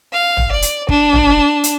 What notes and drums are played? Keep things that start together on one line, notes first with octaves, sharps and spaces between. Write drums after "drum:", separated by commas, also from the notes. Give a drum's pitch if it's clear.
F5
drum: tom
D5
drum: hi-hat
D4, drum: kick
drum: tom
drum: hi-hat